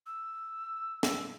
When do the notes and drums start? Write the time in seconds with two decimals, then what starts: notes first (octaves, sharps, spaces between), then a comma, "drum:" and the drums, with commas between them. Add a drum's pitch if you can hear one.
0.06 E6
1.03 drum: snare